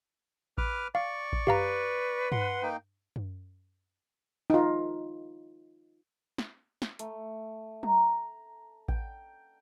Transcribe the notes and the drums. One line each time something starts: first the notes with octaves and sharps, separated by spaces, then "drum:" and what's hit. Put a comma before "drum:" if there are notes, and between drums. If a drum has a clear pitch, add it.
B4 D6 F6, drum: kick A1
D5 F5 C#6
drum: kick A1
G4 B4 F5 A#5, drum: tom F#2
F#5 C6, drum: tom G2
A#3 D#4 G5
drum: tom F#2
D#4 F4
drum: snare
drum: snare
A3, drum: hi-hat
A#5, drum: tom F#3
G5, drum: kick A1